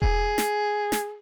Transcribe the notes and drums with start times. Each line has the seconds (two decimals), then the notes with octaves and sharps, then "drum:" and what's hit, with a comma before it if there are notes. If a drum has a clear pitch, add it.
0.02 G#4, drum: kick E1
0.38 drum: snare
0.92 drum: snare